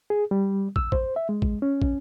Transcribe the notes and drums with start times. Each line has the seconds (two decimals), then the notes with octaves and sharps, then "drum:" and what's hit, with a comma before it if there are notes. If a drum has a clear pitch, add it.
0.10 G#4
0.31 G3
0.76 E6, drum: kick
0.92 C5, drum: kick
1.16 E5
1.29 G#3
1.42 drum: kick
1.62 C#4
1.82 drum: kick